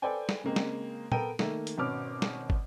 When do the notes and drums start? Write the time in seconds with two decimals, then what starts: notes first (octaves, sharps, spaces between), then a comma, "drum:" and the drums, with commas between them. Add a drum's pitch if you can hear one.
0.02 A4 B4 C5 D5 G5 G#5
0.29 drum: snare
0.44 C#3 G#3 A#3 C4
0.56 drum: snare
1.12 B3 A4 A#4 G5 D#7, drum: tom
1.39 D#3 A3 A#3, drum: snare
1.67 drum: hi-hat
1.78 G#1 B2 B3 C#4 D6 F6
2.22 drum: snare
2.50 drum: kick